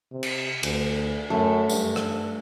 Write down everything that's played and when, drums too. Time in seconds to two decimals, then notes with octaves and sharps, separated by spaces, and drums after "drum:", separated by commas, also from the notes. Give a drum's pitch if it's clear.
0.11 C3
0.23 drum: cymbal
0.63 D2, drum: cymbal
1.30 F#2 A3
1.70 G2, drum: tambourine
1.96 drum: rim click